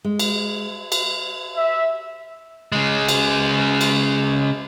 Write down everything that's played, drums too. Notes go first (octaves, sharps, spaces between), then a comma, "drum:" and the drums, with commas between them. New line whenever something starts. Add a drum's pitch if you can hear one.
G#3
drum: cymbal
drum: cymbal
E5
C#3 G#3
drum: cymbal
drum: cymbal